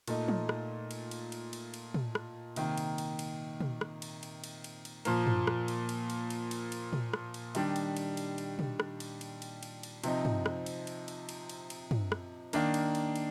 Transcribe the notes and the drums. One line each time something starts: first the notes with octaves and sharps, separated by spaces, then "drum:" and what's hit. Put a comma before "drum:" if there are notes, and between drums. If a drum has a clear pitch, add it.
A#2 A3 D#4, drum: cymbal
drum: tom
drum: rim click
drum: cymbal
drum: cymbal
drum: cymbal
drum: cymbal
drum: cymbal
drum: tom
drum: rim click
C3 D#3 A#3, drum: cymbal
drum: cymbal
drum: cymbal
drum: cymbal
drum: tom
drum: rim click
drum: cymbal
drum: cymbal
drum: cymbal
drum: cymbal
drum: cymbal
A#2 F3 A#3, drum: cymbal
drum: tom
drum: rim click
drum: cymbal
drum: cymbal
drum: cymbal
drum: cymbal
drum: cymbal
drum: cymbal
drum: tom
drum: rim click
drum: cymbal
D#3 G3 D4, drum: cymbal
drum: cymbal
drum: cymbal
drum: cymbal
drum: cymbal
drum: tom
drum: rim click
drum: cymbal
drum: cymbal
drum: cymbal
drum: cymbal
drum: cymbal
C3 F3 C4 D#4, drum: cymbal
drum: tom
drum: rim click
drum: cymbal
drum: cymbal
drum: cymbal
drum: cymbal
drum: cymbal
drum: cymbal
drum: tom
drum: rim click
D#3 A#3 D4, drum: cymbal
drum: cymbal
drum: cymbal
drum: cymbal